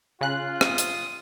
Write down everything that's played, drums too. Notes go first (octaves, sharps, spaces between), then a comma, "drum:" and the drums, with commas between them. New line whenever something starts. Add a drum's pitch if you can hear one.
C#3 F4 F#6
D#6, drum: rim click
drum: hi-hat